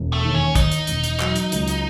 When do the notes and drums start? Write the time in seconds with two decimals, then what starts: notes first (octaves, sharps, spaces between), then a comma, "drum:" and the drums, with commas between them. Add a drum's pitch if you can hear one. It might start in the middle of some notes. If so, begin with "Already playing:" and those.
Already playing: E1
0.13 A3
0.24 D#2
0.34 C#4
0.55 D#3 D#4, drum: kick, hi-hat
0.72 drum: hi-hat
0.87 E1, drum: hi-hat
1.04 drum: hi-hat
1.20 F#3, drum: clap
1.36 drum: hi-hat
1.52 C#2, drum: hi-hat
1.68 drum: hi-hat